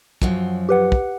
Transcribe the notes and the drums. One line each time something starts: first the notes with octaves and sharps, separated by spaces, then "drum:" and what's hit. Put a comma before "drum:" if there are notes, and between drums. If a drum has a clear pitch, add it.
F#2 F3 F#3, drum: kick
G4 B4 F#5
drum: kick